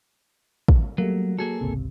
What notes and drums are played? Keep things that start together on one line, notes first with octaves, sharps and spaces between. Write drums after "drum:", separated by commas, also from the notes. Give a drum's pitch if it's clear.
drum: kick
F#3 G3 A3 A#3
F#3 A#3 G#4 A4
G#1 C#2 C3